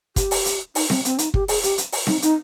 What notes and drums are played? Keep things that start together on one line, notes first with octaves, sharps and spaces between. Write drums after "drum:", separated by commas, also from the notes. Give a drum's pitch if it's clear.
G4, drum: kick, hi-hat
drum: open hi-hat
drum: hi-hat
D#4, drum: open hi-hat
C4, drum: snare C4
C4, drum: hi-hat
D#4, drum: hi-hat
G4, drum: kick
G#4, drum: open hi-hat
G4, drum: hi-hat
drum: hi-hat
drum: open hi-hat
D#4, drum: snare C4
D#4, drum: hi-hat